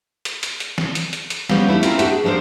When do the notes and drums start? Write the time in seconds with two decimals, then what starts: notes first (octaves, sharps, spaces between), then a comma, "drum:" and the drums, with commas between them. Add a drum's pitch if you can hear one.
0.25 drum: hi-hat
0.43 drum: hi-hat
0.60 drum: hi-hat
0.78 drum: snare
0.95 drum: hi-hat
1.13 drum: hi-hat
1.30 drum: hi-hat
1.50 F3 G3 B3 C#4, drum: snare
1.68 A3 E4 F4 G4
1.83 C4 C#4 E4 F4 A#4, drum: hi-hat
1.99 D4 F#4 G4 A4 E5, drum: hi-hat
2.11 G#4
2.24 F3 D4 A4 A#4 C5